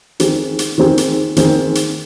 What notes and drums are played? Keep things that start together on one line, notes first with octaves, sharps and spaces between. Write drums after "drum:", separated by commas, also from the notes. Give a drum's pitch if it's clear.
D#3 C4 G#4, drum: hi-hat
drum: hi-hat
D#3 C4 G#4
drum: hi-hat
D#3 C4 G#4, drum: hi-hat
drum: hi-hat